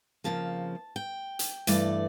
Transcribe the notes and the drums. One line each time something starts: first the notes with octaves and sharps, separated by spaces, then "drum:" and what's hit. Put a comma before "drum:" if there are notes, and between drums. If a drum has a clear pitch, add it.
F2 C#3 F3 A#3 A5
G5
drum: hi-hat
G2 E3 A3 D5, drum: hi-hat